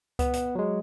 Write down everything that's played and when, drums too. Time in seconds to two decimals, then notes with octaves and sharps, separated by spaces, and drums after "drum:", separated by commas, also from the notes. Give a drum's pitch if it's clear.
0.19 B3, drum: kick C#2, hi-hat
0.33 drum: hi-hat
0.55 F#3 G#3